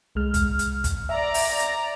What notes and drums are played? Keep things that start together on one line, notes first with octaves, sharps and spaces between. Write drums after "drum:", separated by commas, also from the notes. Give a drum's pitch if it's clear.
C2 G#3 F6
drum: kick, hi-hat
drum: hi-hat
drum: kick, hi-hat
D5 E5 A#5
drum: open hi-hat
drum: hi-hat